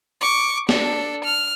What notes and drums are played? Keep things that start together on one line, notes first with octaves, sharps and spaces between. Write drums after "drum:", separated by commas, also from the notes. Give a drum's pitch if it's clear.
C#6 D6
D4 A4, drum: snare
F6